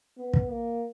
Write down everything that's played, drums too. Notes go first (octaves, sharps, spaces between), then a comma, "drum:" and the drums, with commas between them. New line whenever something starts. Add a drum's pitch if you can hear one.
B3
drum: kick
A#3